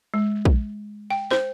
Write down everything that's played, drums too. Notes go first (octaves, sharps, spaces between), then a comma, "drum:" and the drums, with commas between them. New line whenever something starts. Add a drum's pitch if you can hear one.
G#3
drum: kick A#1
G5
C5, drum: snare